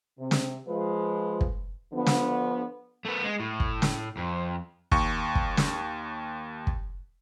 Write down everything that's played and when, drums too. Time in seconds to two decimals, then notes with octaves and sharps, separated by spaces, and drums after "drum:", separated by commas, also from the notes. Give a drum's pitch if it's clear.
0.19 C3
0.31 drum: snare
0.68 F3 G#3 B4
1.41 drum: kick
1.93 D3 F3 B3
2.06 drum: snare
3.05 A3 B3
3.24 G#3
3.40 A2
3.60 drum: kick
3.82 drum: snare
4.17 F2
4.92 D#2 C#6, drum: kick
5.35 drum: kick
5.57 drum: snare
6.67 drum: kick